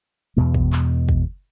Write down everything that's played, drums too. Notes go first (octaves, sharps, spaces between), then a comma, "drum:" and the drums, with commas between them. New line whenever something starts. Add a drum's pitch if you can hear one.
E2 B2 G#3
drum: kick
drum: clap
drum: kick